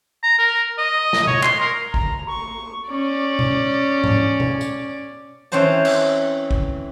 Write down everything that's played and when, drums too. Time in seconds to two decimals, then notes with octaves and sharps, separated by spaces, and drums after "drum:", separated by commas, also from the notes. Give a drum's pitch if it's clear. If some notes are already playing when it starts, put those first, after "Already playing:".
0.23 A#5
0.39 A#4
0.78 D#5
1.13 drum: snare
1.27 C#5, drum: tom B2
1.43 C6, drum: clap
1.60 A#4
1.94 A#5, drum: kick A1
2.29 C#6
2.88 C#4 D5
3.39 drum: tom B2
4.04 drum: tom G#2
4.40 drum: tom B2
4.61 drum: tambourine
5.52 E3 C4 C#4 C5 A5
5.85 drum: cymbal
6.51 drum: kick A1